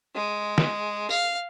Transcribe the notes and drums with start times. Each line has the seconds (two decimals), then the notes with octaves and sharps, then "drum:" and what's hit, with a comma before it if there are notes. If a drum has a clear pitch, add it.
0.15 G#3
0.58 drum: snare
1.10 F5, drum: tambourine